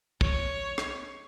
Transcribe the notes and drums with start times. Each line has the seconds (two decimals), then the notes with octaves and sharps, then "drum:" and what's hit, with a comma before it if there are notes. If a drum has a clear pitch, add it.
0.21 C#5, drum: kick
0.78 drum: rim click